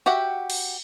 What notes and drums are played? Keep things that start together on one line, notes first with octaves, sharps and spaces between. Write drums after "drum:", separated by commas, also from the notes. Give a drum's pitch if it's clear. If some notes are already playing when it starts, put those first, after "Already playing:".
F#4 G4 E5 F#5 G5
drum: cymbal